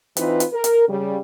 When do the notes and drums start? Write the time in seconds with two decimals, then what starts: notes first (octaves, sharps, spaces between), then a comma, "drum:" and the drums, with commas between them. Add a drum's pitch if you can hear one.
0.17 E3 C4 D#4 F4 B4, drum: hi-hat
0.40 drum: hi-hat
0.53 A#4
0.64 drum: hi-hat
0.89 C#3 G3